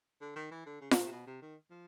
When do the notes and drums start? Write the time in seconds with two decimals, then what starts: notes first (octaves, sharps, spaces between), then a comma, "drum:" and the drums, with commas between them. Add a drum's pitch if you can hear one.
0.21 D3
0.36 D#3
0.51 E3
0.66 D3
0.81 C#3
0.91 B2, drum: snare F4
1.01 A#2
1.06 C3
1.11 B2
1.27 C3
1.42 D#3
1.71 F3